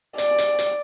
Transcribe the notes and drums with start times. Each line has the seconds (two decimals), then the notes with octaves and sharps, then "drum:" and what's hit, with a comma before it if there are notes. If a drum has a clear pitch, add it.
0.18 D5, drum: hi-hat
0.38 drum: hi-hat
0.59 drum: hi-hat